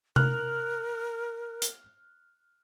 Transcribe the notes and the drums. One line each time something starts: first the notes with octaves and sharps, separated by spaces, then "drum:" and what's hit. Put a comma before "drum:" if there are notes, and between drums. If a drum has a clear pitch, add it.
A#4 F6 F#6, drum: tom C3
drum: hi-hat